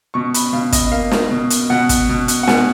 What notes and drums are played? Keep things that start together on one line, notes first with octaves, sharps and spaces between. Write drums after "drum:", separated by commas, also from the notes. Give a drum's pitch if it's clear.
B2 C#6
B5, drum: hi-hat
B2 F5
D#5, drum: kick, hi-hat
A#3 F5
drum: snare
B2
drum: hi-hat
B2 F#5
drum: kick, hi-hat
B2
drum: hi-hat
F#5
B2 G#5, drum: snare